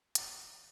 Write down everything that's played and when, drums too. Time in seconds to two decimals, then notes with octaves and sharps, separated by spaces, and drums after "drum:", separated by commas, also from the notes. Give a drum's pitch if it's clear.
0.15 D#3 A#5, drum: hi-hat